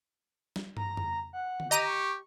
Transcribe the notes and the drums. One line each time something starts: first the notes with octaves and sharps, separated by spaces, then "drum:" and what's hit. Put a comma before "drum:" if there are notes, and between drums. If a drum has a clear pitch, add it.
drum: snare
A#5, drum: tom
drum: tom F2
F#5
drum: tom D3
G4 D#5 A#5 D#7
C#6